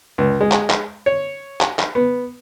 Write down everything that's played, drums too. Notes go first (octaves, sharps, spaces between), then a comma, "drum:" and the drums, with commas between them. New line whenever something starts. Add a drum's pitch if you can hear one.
C#2
G#3
drum: clap
drum: clap
C#5
drum: clap
drum: clap
B3